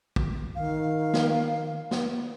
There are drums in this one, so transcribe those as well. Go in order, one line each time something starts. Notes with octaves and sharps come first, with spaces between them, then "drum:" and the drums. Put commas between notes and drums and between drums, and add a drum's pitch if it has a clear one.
drum: kick
D#3 F5
drum: snare
drum: snare